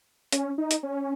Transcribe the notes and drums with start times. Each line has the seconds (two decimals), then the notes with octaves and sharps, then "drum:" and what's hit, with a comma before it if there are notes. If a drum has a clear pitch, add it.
0.32 C#4, drum: hi-hat
0.58 D#4
0.71 drum: hi-hat
0.83 C#4